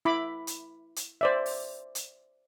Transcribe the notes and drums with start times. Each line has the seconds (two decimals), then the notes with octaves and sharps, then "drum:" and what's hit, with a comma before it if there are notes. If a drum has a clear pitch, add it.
0.05 E4 B5 D6
0.47 drum: hi-hat
0.96 drum: hi-hat
1.21 C5 D5 E5
1.46 drum: open hi-hat
1.95 drum: hi-hat